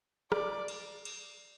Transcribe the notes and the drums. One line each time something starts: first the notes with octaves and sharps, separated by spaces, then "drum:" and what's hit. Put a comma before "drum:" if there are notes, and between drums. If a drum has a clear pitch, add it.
D5, drum: rim click
drum: cymbal
drum: cymbal